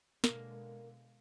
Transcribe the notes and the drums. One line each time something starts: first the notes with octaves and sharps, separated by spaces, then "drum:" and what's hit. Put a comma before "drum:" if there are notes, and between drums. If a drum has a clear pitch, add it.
B2 D3 G#3 A#3, drum: snare